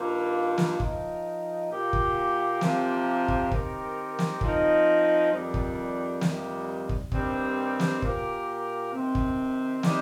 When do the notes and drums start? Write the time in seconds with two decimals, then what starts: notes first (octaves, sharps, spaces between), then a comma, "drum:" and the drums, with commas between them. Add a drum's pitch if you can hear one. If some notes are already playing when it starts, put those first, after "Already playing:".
Already playing: G2 D#3 A#3 F4
0.58 drum: snare
0.80 F3 D#4 A#4, drum: kick
1.70 A#2 A#3 G4 A#4
1.93 drum: kick
2.61 C3 F3 A#3 G4 A#4, drum: snare
3.28 drum: kick
3.51 D#3 C4 G4 A#4, drum: kick
4.19 drum: snare
4.41 F3 C4 D#4 A#4, drum: kick
5.31 F2 D#3 G3
5.54 drum: kick
6.21 F2 C3 D#3 G3, drum: snare
6.89 drum: kick
7.12 G2 D#3 G3 C4, drum: kick
7.80 drum: snare
8.02 A#2 A#3 G4 A#4, drum: kick
8.92 C3 D#3 C4
9.15 drum: kick
9.83 C3 G3 D#4, drum: snare